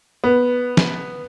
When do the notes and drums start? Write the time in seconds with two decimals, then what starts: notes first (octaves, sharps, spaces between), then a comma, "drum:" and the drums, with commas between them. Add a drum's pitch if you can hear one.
0.24 B3
0.77 drum: snare